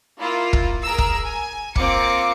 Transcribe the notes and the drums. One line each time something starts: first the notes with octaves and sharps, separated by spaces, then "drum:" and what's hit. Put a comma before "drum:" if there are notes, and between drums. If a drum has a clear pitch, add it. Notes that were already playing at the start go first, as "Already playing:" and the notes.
A#3 E4 F4
drum: kick
G#4 A#4 A#5 E6
drum: kick
G#5
A#3 C4 F4 D6 C#7, drum: kick